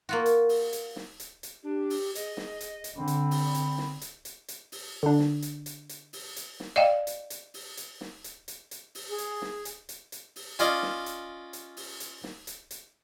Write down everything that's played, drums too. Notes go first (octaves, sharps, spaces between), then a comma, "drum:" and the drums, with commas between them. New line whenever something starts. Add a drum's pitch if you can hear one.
A#3 F4 F#4
drum: hi-hat
drum: open hi-hat
drum: hi-hat
drum: snare
drum: hi-hat
drum: hi-hat
D4 G4
drum: open hi-hat
G#4 D#5, drum: hi-hat
drum: snare
drum: hi-hat
drum: hi-hat
D3 C4 B5
drum: hi-hat
drum: open hi-hat
drum: hi-hat
drum: snare
drum: hi-hat
drum: hi-hat
drum: hi-hat
drum: open hi-hat
D3 D4
drum: snare
drum: hi-hat
drum: hi-hat
drum: hi-hat
drum: open hi-hat
drum: hi-hat
drum: snare
D5 D#5 F5 G5
drum: hi-hat
drum: hi-hat
drum: open hi-hat
drum: hi-hat
drum: snare
drum: hi-hat
drum: hi-hat
drum: hi-hat
drum: open hi-hat
G#4
drum: hi-hat
drum: snare
drum: hi-hat
drum: hi-hat
drum: hi-hat
drum: open hi-hat
C#4 F4 D5 D#5, drum: hi-hat
drum: snare
drum: hi-hat
drum: hi-hat
drum: open hi-hat
drum: hi-hat
drum: snare
drum: hi-hat
drum: hi-hat